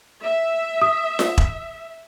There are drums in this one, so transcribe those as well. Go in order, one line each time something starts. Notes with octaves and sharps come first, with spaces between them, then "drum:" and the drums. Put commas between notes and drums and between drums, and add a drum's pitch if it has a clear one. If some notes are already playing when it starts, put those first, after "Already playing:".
E5
D#6
drum: snare F4
drum: kick E1